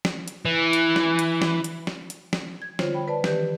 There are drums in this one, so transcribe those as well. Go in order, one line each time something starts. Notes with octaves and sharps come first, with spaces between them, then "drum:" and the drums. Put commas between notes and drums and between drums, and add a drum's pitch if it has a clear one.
drum: snare
drum: hi-hat
E3
drum: hi-hat
drum: snare
drum: hi-hat
drum: snare
drum: hi-hat
drum: snare
drum: hi-hat
drum: snare
G#6
D3 G3 F4 C5 C#5, drum: snare
C5 C#5 G5 B5
B4 D5 A5
D#3 E3 G4 B4, drum: snare